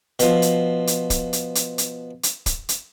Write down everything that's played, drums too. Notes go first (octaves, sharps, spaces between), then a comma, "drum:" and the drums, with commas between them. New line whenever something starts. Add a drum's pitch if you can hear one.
B2 F3, drum: hi-hat
drum: hi-hat
drum: hi-hat
drum: kick, hi-hat
drum: hi-hat
drum: hi-hat
drum: hi-hat
drum: hi-hat
drum: kick, hi-hat
drum: hi-hat